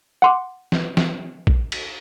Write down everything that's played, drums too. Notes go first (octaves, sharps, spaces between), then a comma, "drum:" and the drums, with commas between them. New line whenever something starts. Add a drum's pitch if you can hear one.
F#5 C6 D6
drum: snare
drum: snare
drum: kick
drum: cymbal